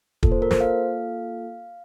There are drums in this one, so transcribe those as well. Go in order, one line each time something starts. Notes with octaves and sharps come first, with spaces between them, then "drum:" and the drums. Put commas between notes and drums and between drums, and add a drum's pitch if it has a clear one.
A#3 F4 A4, drum: kick
C5
A#4
C5, drum: snare
F5